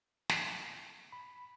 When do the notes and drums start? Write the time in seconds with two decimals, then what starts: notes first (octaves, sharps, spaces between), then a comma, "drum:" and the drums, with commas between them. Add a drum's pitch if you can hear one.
0.29 drum: snare
1.12 B5